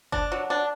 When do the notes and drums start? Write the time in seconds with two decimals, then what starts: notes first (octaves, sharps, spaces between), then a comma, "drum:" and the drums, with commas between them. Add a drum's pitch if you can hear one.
0.12 D4, drum: kick F#1
0.32 F#3
0.50 D4